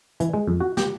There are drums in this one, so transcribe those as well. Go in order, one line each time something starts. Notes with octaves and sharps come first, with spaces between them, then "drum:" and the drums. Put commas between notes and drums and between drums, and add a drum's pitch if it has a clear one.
E3, drum: hi-hat
G#3
F2
F#4
G4, drum: snare